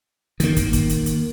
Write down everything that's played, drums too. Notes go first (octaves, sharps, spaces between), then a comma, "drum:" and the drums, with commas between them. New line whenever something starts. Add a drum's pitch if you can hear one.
D#3 A#3, drum: hi-hat
drum: kick, hi-hat
drum: kick, hi-hat
drum: hi-hat
drum: hi-hat